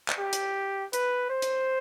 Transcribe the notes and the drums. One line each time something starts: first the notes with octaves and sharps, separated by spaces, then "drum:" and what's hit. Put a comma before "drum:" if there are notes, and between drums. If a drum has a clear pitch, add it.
drum: clap
G4
drum: hi-hat
B4, drum: hi-hat
C5
drum: hi-hat